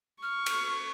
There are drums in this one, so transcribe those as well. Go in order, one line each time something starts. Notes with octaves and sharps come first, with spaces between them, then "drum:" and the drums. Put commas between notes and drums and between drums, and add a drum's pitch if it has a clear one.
C#6 F6
drum: cymbal